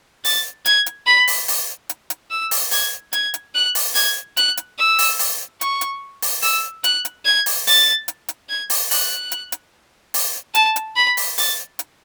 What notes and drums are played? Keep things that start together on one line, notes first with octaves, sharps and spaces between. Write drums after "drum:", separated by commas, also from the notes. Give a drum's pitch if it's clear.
A6, drum: open hi-hat
G#6, drum: hi-hat
drum: hi-hat
B5
drum: open hi-hat
drum: open hi-hat
drum: hi-hat
drum: hi-hat
E6
drum: open hi-hat
G#6, drum: open hi-hat
G#6, drum: hi-hat
drum: hi-hat
F#6
drum: open hi-hat
G#6, drum: open hi-hat
F#6, drum: hi-hat
drum: hi-hat
E6
drum: open hi-hat
drum: open hi-hat
C#6, drum: hi-hat
drum: hi-hat
drum: open hi-hat
E6, drum: open hi-hat
F#6, drum: hi-hat
drum: hi-hat
G#6
drum: open hi-hat
A6, drum: open hi-hat
drum: hi-hat
drum: hi-hat
G#6
drum: open hi-hat
F#6, drum: open hi-hat
drum: hi-hat
drum: hi-hat
drum: open hi-hat
A5, drum: hi-hat
drum: hi-hat
B5
drum: open hi-hat
A6, drum: open hi-hat
drum: hi-hat